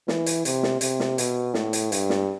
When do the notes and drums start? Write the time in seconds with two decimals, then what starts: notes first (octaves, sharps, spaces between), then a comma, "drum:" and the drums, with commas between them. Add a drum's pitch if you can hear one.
0.08 E3, drum: snare
0.26 drum: hi-hat
0.45 C3, drum: hi-hat
0.63 drum: snare
0.81 C3, drum: hi-hat
1.00 drum: snare
1.18 B2, drum: hi-hat
1.54 A2, drum: snare
1.73 drum: hi-hat
1.92 G2, drum: hi-hat
2.10 drum: snare